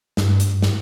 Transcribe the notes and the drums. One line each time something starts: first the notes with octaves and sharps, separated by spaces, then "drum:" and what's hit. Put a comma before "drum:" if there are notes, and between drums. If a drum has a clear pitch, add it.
G2, drum: snare
drum: hi-hat
drum: snare